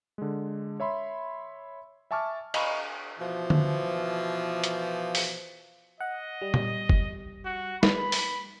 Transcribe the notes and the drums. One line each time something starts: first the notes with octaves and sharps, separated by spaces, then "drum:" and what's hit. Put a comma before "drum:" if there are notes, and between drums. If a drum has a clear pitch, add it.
D3 G#3
C#5 E5 B5 C6
E5 G#5 A5 C#6 D6 F6
D#5 A#5 B5 C#6, drum: cymbal
B2 E3 F3
drum: tom D3
drum: hi-hat
drum: open hi-hat
D#5 F#5
G3
drum: tom A#2
drum: kick F#1
F#4
B4 B5, drum: snare
drum: open hi-hat